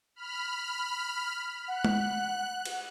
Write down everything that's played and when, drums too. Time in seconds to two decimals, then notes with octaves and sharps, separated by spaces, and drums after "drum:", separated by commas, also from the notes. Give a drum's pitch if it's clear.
0.16 B5 F6
1.68 F#5 F#6
1.85 drum: tom G#3
2.65 drum: cymbal